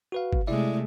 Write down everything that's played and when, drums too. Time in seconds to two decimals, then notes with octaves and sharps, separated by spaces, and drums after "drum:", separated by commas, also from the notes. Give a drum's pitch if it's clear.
0.12 F#4 B4 F5
0.33 drum: kick
0.47 C3 G#3 A3 E4 D5 E5